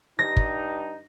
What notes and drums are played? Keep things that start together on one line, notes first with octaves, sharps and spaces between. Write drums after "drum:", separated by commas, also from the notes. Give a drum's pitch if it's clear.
G2 D#4 A#6
drum: kick